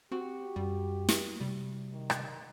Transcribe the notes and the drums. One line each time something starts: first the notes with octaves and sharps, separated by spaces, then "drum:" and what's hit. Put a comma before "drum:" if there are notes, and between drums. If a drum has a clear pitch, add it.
C4 F#4 G4
F#2 G3
drum: snare
C3 G3
D#3
drum: rim click